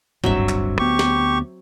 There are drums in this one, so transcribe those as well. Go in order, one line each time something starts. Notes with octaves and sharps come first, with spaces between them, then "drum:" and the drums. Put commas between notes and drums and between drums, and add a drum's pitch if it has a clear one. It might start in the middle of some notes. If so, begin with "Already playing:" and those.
D1 G1 G2 F#3 C4 E5, drum: tom G#2
drum: clap
D2 B3 G4 C#6
drum: snare